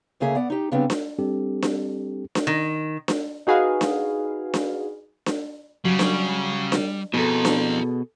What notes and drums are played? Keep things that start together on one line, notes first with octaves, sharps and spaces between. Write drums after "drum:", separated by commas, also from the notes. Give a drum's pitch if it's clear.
D2 C#3 A#3 G#4 E5
B3 D5 F#5
D#4 G4
C#3 G3 B3 C4 D4
drum: snare D4
G3 C4 D4 G4 A4
drum: snare D4
drum: snare D4
D#3
drum: snare D4
D#4 F#4 G#4 B4 F5
drum: snare D4
drum: snare D4
drum: snare D4
C#3 F#3 G3
drum: snare D4
drum: snare D4
F2 B2 E4 G#4 A4 A#5
drum: snare D4